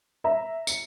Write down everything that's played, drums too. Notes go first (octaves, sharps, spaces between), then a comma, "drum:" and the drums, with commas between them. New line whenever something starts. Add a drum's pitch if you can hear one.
E5 A#5
C#7, drum: tambourine